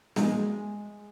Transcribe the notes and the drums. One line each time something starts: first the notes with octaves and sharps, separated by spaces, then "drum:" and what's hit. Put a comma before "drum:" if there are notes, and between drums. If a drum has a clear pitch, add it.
G#3, drum: snare